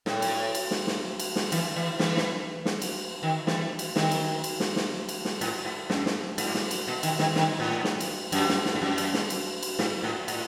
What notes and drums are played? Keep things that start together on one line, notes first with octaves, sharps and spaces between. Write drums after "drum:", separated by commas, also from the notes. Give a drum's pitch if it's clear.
A2, drum: snare
drum: cymbal
drum: cymbal
drum: snare
drum: snare
drum: cymbal
drum: snare
E3, drum: cymbal
E3
E3, drum: snare
drum: snare
drum: snare
drum: cymbal
D#3
E3, drum: snare
drum: cymbal
D#3, drum: snare
drum: cymbal
drum: cymbal
drum: snare
drum: snare
drum: cymbal
drum: snare
A2, drum: cymbal
G#2
F#2, drum: snare
drum: snare
G#2, drum: cymbal
drum: snare
drum: cymbal
B2
D#3, drum: cymbal
D#3, drum: snare
D#3, drum: snare
A2
drum: snare
drum: cymbal
F#2, drum: cymbal
drum: snare
drum: snare
G#2
F#2
drum: cymbal
drum: snare
drum: cymbal
drum: cymbal
G#2, drum: snare
A2
A2, drum: cymbal